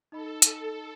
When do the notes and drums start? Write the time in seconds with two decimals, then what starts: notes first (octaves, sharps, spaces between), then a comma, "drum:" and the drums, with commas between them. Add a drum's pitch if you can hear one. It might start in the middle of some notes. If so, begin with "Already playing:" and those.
0.12 D#4 A4 D#5 B5
0.42 drum: hi-hat